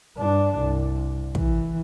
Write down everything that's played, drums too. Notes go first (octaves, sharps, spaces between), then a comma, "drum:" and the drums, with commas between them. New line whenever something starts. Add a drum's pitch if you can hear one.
G2 D4
C2
E3, drum: kick